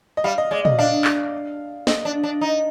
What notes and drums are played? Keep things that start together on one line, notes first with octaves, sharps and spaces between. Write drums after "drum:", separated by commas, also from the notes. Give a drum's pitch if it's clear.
D#5
G3 F5
D#5
G#3 D5
D#5, drum: tom
D4 F5
drum: clap
C4 D#5, drum: snare
D4
D4
D#4